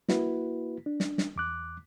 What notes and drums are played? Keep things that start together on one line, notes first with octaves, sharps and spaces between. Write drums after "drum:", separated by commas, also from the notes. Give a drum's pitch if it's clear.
A#3 E4 F#4 B4, drum: snare
D4
drum: snare
drum: snare
E2 D6 F#6